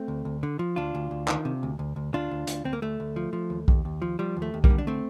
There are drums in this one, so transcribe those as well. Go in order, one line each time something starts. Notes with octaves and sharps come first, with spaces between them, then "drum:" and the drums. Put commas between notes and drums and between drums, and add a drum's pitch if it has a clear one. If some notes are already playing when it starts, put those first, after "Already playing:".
Already playing: A3 C4
D2
D2
D3
F3
D2 D4 F4
D2
D2
D#3, drum: clap
C3
D2
D2
D2
D2 D4 F4
D2
D2, drum: hi-hat
D2 C4
A#3
D2 A3
D2
F3
F3
D#2
D#2, drum: kick B1
D#2
F3
F3 G3
D#2
A3
D#2
G3 A#3, drum: kick B1
D3
D4
A3 C4